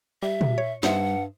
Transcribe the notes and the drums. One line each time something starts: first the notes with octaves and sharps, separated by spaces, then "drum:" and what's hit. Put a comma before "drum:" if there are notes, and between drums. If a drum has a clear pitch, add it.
G3 E5
drum: tom A#2
C#5
G2 G3 D#4 C5 E5 F#5, drum: snare